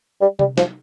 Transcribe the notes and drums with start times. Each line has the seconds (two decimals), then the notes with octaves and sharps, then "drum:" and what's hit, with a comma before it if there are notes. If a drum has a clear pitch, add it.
0.21 G3
0.39 G3, drum: tom C3
0.58 F3, drum: snare